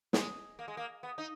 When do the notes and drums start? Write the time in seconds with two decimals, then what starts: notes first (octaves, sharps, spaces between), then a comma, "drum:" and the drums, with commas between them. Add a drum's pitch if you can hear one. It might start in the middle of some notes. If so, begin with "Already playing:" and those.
0.13 G#3, drum: snare
0.59 A#3
0.68 G#3
0.77 A#3
1.03 B3
1.18 D#4